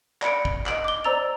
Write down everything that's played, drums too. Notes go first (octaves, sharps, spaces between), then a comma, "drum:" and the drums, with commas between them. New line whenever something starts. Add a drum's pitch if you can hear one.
D5 B5 C#7 D7, drum: clap
drum: kick
D#5 D7 F#7, drum: clap
D6 G7
C5 D5 A#5 E6 A6 F7